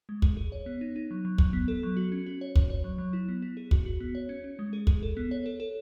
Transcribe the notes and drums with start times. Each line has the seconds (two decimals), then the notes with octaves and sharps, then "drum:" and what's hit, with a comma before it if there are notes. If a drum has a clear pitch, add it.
0.09 G#3
0.22 G#4, drum: kick
0.37 G#4
0.52 C#5
0.66 B3
0.81 D#4
0.96 D#4
1.11 F#3
1.25 F#3
1.38 F#3, drum: kick
1.53 B3
1.68 A4
1.83 F#3
1.97 F#4
2.12 C#4
2.26 F#4
2.41 C#5
2.56 C#5, drum: kick
2.70 C#5
2.84 F#3
2.98 F#3
3.13 E4
3.28 B3
3.42 E4
3.57 G#4
3.71 F#4, drum: kick
3.86 F#4
4.00 B3
4.15 C#5
4.29 C#4
4.44 C#4
4.59 G#3
4.73 G#4
4.87 G#4, drum: kick
5.03 A4
5.17 B3
5.31 C#5
5.46 A4
5.60 A4